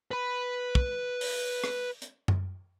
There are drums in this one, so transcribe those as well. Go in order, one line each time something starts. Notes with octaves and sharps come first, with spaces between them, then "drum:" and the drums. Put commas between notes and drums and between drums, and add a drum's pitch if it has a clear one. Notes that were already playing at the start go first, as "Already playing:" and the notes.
B4 B5
drum: kick
drum: open hi-hat
drum: rim click
drum: hi-hat
drum: tom F#2